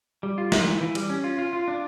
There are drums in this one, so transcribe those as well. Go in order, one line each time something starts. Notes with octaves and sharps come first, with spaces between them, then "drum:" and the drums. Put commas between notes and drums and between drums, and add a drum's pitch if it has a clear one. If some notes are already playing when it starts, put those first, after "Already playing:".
G3
F4
F4, drum: snare
E3
E3
G3, drum: cymbal
C#4
F4
F4
F4
D4